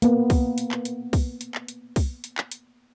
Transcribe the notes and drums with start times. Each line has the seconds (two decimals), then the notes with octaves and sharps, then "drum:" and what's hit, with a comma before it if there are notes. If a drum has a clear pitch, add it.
0.02 A#3 B3, drum: hi-hat
0.30 drum: kick, open hi-hat
0.58 drum: hi-hat
0.72 drum: clap
0.85 drum: hi-hat
1.13 drum: kick, open hi-hat
1.41 drum: hi-hat
1.55 drum: clap
1.68 drum: hi-hat
1.96 drum: kick, open hi-hat
2.24 drum: hi-hat
2.38 drum: clap
2.52 drum: hi-hat